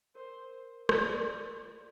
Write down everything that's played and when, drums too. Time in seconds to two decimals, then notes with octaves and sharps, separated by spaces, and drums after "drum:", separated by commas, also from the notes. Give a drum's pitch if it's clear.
0.15 A#4 C5
0.89 D5, drum: rim click
1.64 F4